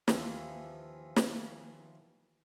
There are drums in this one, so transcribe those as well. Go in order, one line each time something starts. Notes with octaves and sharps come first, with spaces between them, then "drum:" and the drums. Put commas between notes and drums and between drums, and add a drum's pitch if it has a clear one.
D#2 E3 F3, drum: snare
drum: snare